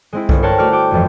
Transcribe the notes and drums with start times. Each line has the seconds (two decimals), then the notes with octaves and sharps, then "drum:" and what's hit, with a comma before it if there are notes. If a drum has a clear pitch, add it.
0.13 G#3 C4 E4
0.29 G1, drum: kick B1
0.43 A#4 C5 C#5 F#5 G5 A5
0.58 A3 F#4 D5 F#5 F6
0.72 F#4 G5 D6
0.91 G1 F2 E3